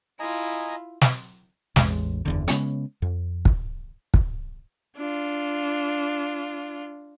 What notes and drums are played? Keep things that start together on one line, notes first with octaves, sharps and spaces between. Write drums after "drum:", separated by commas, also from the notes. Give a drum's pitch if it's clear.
E4 F4 D#5 G#5 A#5
drum: snare
A1 E2 G#3, drum: snare
F#1 E2 D3
C#3 G#3 B3 C#4, drum: hi-hat
F2
drum: kick
drum: kick
D4 F4